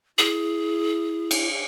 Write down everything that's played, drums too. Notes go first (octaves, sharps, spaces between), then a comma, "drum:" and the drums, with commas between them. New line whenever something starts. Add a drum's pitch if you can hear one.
E4 G#4
drum: cymbal